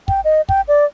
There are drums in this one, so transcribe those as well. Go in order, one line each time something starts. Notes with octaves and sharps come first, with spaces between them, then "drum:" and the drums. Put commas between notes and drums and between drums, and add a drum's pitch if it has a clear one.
G5, drum: kick
D#5
G5, drum: kick
D5